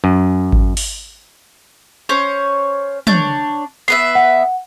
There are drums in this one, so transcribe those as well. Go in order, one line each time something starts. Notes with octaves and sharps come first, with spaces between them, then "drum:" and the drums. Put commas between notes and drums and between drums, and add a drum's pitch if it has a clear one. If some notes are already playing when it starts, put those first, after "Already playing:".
F#2
drum: kick G#1
drum: open hi-hat
C#4 C5 C#5
D4 C#5 G6, drum: tom
B3 B4 E5 C7
F#5